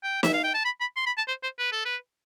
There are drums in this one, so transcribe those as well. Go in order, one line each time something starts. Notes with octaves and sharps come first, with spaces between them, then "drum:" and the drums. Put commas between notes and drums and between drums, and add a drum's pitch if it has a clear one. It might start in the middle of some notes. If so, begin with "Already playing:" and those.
G5
E5, drum: snare
F5
G5
A5
B5
B5
C6
B5
A5
C5
C5
B4
A4
B4